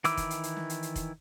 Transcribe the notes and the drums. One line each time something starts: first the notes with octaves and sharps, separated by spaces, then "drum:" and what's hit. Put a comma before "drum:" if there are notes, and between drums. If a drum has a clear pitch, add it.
D#3 E3 E4 D6 E6, drum: hi-hat
drum: kick F1, hi-hat
drum: hi-hat
drum: hi-hat
drum: snare
drum: hi-hat
drum: hi-hat
drum: kick F1, hi-hat